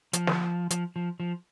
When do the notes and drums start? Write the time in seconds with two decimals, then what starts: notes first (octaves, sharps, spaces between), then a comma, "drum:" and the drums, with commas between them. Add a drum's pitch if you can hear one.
0.13 F3, drum: hi-hat
0.27 drum: snare
0.70 F3, drum: hi-hat
0.96 F3
1.20 F3